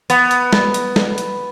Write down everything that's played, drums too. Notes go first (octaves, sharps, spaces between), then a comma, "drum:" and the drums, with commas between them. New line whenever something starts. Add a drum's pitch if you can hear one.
B3, drum: hi-hat
drum: hi-hat
drum: snare
drum: hi-hat
drum: snare
drum: hi-hat